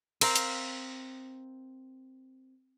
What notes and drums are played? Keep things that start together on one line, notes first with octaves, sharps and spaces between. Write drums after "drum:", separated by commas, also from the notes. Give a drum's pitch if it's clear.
C4 A#4 F5, drum: cymbal
drum: hi-hat